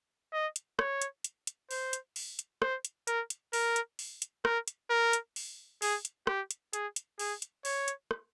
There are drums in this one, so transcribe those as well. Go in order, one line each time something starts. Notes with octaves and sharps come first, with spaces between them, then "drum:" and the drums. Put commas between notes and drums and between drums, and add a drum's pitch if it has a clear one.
D#5
drum: hi-hat
C#5, drum: rim click
drum: hi-hat
drum: hi-hat
drum: hi-hat
C5, drum: open hi-hat
drum: hi-hat
drum: open hi-hat
drum: hi-hat
C5, drum: rim click
drum: hi-hat
A#4, drum: hi-hat
drum: hi-hat
A#4, drum: open hi-hat
drum: hi-hat
drum: open hi-hat
drum: hi-hat
A#4, drum: rim click
drum: hi-hat
A#4
drum: hi-hat
drum: open hi-hat
G#4, drum: open hi-hat
drum: hi-hat
G4, drum: rim click
drum: hi-hat
G#4, drum: hi-hat
drum: hi-hat
G#4, drum: open hi-hat
drum: hi-hat
C#5, drum: open hi-hat
drum: hi-hat
drum: rim click